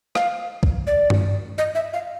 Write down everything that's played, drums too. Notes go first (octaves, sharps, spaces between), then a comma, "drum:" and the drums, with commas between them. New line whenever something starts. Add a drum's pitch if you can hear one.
F5, drum: rim click
drum: kick
D5
drum: tom G2
D#5
E5
F5